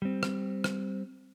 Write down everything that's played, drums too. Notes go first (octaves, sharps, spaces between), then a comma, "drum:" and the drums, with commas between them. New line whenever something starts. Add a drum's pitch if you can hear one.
G3 C4
drum: rim click
drum: rim click